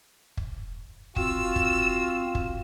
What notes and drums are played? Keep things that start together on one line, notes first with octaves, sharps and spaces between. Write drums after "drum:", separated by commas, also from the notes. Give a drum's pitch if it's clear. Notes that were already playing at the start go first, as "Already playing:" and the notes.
drum: kick
C4 F4 F#4 E6, drum: kick
drum: kick
drum: kick